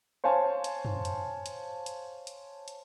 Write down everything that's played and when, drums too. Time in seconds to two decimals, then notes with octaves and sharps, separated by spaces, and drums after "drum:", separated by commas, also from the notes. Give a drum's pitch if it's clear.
0.24 C5 C#5 F5 G#5 A5
0.64 drum: hi-hat
0.85 drum: tom
1.05 drum: hi-hat
1.46 drum: hi-hat
1.86 drum: hi-hat
2.27 drum: hi-hat
2.68 drum: hi-hat